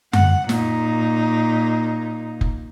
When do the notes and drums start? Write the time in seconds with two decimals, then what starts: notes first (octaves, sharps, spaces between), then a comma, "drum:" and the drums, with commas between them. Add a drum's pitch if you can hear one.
0.13 F#5, drum: tom F#2
0.49 A#2 D#4, drum: snare
2.41 drum: kick F1